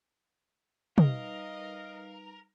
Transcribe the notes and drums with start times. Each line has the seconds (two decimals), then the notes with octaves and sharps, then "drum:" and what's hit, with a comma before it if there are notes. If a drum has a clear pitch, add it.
0.98 G3 D#4 A#4 B4 D#5 F5, drum: tom